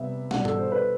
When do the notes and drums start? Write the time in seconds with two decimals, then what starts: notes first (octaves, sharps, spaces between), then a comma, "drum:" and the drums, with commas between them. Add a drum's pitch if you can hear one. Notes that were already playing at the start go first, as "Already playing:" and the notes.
Already playing: C3 G3 B3 E5
0.31 B2 G3 D4 F#5, drum: snare
0.45 A4, drum: tom G#2
0.58 C5
0.72 B4